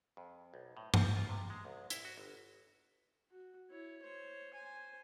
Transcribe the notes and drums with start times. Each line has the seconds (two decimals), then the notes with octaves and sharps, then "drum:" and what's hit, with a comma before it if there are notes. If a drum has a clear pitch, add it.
0.17 F2
0.54 B1
0.77 A2
0.94 C4, drum: tom G2
1.16 F4
1.29 C3
1.50 G#3
1.65 C2
1.90 E4, drum: hi-hat
2.05 F#4
2.18 G1
3.30 F#4
3.70 E4 C#5
4.02 C5 C#5
4.54 C5 G#5